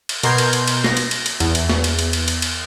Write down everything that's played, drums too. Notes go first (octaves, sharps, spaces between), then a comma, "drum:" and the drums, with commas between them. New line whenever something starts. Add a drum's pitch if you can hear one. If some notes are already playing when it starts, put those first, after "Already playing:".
drum: cymbal
B2 A#4 C6 G6 G#6, drum: cymbal
drum: cymbal
drum: cymbal
drum: cymbal
A#6, drum: snare
drum: cymbal
drum: cymbal
drum: cymbal
E2, drum: cymbal
drum: cymbal
drum: snare
drum: cymbal
drum: cymbal
drum: cymbal
drum: cymbal
drum: cymbal